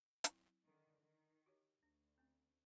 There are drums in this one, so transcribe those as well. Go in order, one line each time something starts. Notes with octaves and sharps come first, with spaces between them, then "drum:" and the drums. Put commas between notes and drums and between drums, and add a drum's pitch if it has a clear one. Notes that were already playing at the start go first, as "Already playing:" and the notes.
F#3 C4 E4, drum: hi-hat
D3 D#3
D#3
F#4 G4 C#5
D2 D4
C4 C#4